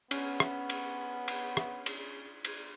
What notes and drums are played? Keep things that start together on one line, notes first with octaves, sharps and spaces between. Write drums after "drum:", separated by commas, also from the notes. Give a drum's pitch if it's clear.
B3 C#4, drum: cymbal
drum: rim click
drum: cymbal
drum: cymbal
drum: rim click
drum: cymbal
drum: cymbal